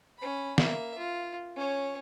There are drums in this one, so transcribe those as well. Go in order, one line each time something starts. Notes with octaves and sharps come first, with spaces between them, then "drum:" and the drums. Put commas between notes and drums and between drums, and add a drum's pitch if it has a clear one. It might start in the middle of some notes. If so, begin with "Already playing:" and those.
C#4 B5
A#3 E5, drum: snare
F4
C#4 C#5